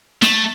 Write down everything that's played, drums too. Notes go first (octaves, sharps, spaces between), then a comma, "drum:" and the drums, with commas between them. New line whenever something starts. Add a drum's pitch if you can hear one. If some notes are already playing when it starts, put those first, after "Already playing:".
A3, drum: snare